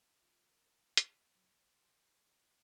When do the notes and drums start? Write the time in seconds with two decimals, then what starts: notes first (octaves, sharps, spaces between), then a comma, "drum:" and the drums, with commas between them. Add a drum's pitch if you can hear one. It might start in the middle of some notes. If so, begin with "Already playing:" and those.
0.22 F4
0.48 A#4
0.97 A5, drum: hi-hat
1.35 F#3
1.56 A1
1.73 C6
2.05 G#4
2.33 A#6